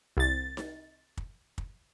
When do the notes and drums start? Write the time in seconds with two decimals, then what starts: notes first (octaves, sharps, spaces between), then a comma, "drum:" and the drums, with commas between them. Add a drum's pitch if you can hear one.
0.17 C2 A6
0.57 drum: snare D#4
1.17 drum: kick
1.58 drum: kick